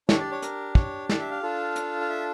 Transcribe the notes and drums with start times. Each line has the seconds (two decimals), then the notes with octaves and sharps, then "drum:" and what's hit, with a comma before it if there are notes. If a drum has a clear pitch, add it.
0.09 D4 G4 C#5, drum: snare
0.20 D5
0.31 C#5
0.42 A#4, drum: hi-hat
0.75 C#5, drum: kick
1.09 D5, drum: snare
1.20 E5
1.31 F5
1.42 D4 F4 A4
1.76 drum: hi-hat
2.01 F5
2.09 E5